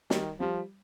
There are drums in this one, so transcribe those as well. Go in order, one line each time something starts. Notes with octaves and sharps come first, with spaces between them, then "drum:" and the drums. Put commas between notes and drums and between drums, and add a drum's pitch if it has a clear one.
D#3 G3, drum: snare
F3 G3